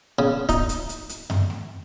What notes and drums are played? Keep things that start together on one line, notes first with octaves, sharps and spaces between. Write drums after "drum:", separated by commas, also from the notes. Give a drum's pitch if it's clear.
C#3
D#4, drum: kick, hi-hat
drum: hi-hat
drum: hi-hat
drum: hi-hat
drum: tom F#2
drum: snare A3